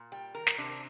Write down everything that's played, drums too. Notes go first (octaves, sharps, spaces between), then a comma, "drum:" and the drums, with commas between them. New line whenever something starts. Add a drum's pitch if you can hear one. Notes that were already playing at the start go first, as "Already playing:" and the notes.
Already playing: A#2
G3 G5
D#3 A#4
drum: snare
C3 D4